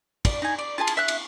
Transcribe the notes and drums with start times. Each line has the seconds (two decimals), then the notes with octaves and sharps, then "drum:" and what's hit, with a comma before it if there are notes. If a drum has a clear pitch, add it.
0.25 D5, drum: kick, cymbal
0.42 D#4 G#5
0.58 D5
0.78 F4 G#4 G#5 A5
0.87 drum: cymbal
0.97 E5 F#6
1.08 drum: cymbal